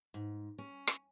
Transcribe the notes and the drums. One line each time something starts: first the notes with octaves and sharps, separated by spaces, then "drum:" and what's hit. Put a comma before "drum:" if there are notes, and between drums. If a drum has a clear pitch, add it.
G#2
C#4
drum: rim click